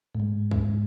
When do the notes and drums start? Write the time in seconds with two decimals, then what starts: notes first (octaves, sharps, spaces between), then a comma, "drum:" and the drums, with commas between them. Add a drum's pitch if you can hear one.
0.15 A2
0.20 G#2
0.51 drum: kick C#2